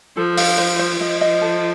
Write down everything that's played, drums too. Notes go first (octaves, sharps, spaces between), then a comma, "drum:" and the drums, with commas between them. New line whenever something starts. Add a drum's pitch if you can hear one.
F3 A4
F5, drum: open hi-hat
C5
C5
F3 D#5
D#5
A4